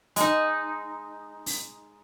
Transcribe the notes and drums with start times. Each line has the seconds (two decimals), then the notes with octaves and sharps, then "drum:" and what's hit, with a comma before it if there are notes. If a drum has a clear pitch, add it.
0.16 G#3 D#4, drum: hi-hat
1.46 drum: open hi-hat